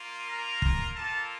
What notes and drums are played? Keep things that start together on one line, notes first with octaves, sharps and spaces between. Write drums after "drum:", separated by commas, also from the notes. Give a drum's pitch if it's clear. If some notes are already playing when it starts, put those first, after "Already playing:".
Already playing: A#3 F4
A#4 A#5
drum: kick
A#3 F4 A4 A5